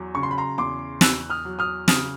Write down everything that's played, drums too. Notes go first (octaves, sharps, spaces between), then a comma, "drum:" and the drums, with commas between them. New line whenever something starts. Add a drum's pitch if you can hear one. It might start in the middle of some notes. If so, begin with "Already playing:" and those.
Already playing: E2 F#3
C#3 C#6
C6
B5
A#5 C6
E2 C6 D6
E2 E6 F#6, drum: snare
D#6 F6
F#3
D#6 F6
C#3 D#6 F6, drum: snare